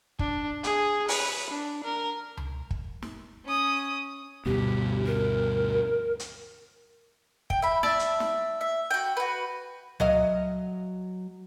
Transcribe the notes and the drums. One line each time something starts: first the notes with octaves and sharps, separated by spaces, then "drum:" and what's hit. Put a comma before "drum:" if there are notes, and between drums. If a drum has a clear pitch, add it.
D4, drum: kick
G#4, drum: hi-hat
B4, drum: open hi-hat
D4
A#4
drum: tom C#2
drum: kick
drum: snare
C#4 D#6
D2 G2 B2 G4
A#4
drum: hi-hat
G5, drum: kick
E5 B5
D5 E5 A5, drum: snare
drum: hi-hat
drum: snare
E5
F#4 G5
F#4 B4
F#3 D#5 F5, drum: tom C#2